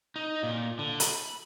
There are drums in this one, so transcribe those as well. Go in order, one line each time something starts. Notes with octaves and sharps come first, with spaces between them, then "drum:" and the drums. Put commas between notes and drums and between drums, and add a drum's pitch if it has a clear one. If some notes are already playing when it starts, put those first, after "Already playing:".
D#4
A#2
D3
B5, drum: hi-hat